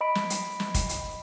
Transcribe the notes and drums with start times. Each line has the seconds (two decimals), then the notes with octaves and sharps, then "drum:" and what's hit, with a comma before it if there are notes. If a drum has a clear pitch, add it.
0.01 D#5 B5 D7
0.15 drum: snare
0.30 drum: hi-hat
0.60 drum: snare
0.74 drum: kick, hi-hat
0.89 drum: hi-hat